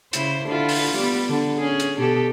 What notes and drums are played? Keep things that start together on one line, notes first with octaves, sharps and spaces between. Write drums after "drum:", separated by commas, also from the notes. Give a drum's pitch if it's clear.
C#3 E4 C5, drum: hi-hat
D3 E4 F4
drum: open hi-hat
G3 B3
D3
C#4 G#4
drum: hi-hat
B2 G4 A4